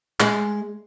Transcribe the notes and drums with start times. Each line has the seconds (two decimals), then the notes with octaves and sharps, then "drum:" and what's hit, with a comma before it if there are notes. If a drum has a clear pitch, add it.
0.20 G#3, drum: clap